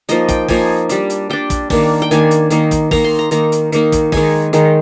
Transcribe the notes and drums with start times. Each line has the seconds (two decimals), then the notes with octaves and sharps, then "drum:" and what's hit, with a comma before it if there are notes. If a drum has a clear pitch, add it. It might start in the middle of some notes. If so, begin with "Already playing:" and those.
0.09 F3 A#3 D#4 D#5, drum: hi-hat
0.29 G5, drum: kick, hi-hat
0.48 F3 A#3 D#4 G#5, drum: kick, open hi-hat
0.89 G3 D4, drum: hi-hat
1.10 drum: hi-hat
1.30 G3 D4 G5
1.50 drum: kick, hi-hat
1.70 D#3 A#3 D4, drum: kick, open hi-hat
2.02 G5
2.11 D#3 A#3 D4 G#5, drum: hi-hat
2.31 drum: hi-hat
2.50 D#3 A#3 D#4, drum: hi-hat
2.71 drum: kick, hi-hat
2.91 D#3 A#3 D#4 A#5, drum: kick, open hi-hat
3.04 C6
3.19 A#5
3.31 D#3 A#3 D#4 A#5, drum: hi-hat
3.52 drum: hi-hat
3.72 D#3 A#3 D#4, drum: hi-hat
3.92 drum: kick, hi-hat
4.12 D#3 G#3 D#4 G#5, drum: kick, open hi-hat
4.53 D#3 G#3 D#4, drum: hi-hat